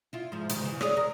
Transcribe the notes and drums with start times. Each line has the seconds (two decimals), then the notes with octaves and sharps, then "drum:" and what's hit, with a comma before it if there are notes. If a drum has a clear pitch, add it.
0.13 E4 F4
0.32 G#2 F3
0.49 G#2 D#3, drum: hi-hat
0.62 C#3 E3
0.81 G#4 C#5 D5, drum: rim click
0.97 A#4